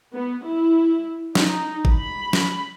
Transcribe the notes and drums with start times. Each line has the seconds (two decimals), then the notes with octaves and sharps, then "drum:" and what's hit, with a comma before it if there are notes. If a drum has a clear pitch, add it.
0.15 B3
0.47 E4
1.35 D#4, drum: snare
1.85 drum: kick G#1
1.95 B5
2.33 drum: snare